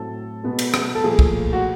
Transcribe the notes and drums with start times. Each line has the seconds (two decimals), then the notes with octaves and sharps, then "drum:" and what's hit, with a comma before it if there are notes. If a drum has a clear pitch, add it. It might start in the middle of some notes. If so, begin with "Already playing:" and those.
Already playing: A2 F#3 A3 C4 A4
0.44 B2 G#3 B3
0.59 drum: cymbal
0.74 drum: rim click
0.95 A4
1.04 A#2 F3 A3 G#4
1.19 drum: kick
1.53 F#4